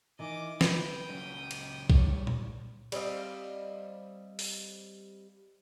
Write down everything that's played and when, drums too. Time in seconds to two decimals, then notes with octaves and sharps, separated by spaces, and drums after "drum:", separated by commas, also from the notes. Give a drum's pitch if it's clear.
0.19 D#3 E3 D#5 D6
0.61 B4 G5 B5 D#6, drum: snare
1.09 C#2 F#3 C#4
1.51 drum: cymbal
1.90 G3 C#5, drum: kick
2.27 drum: tom A#2
2.92 G3 C4 D#5 F5, drum: cymbal
4.39 drum: open hi-hat